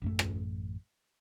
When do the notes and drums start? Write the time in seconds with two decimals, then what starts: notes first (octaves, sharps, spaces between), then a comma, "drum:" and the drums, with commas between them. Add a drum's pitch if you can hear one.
0.02 A1 F#2 A3
0.19 drum: rim click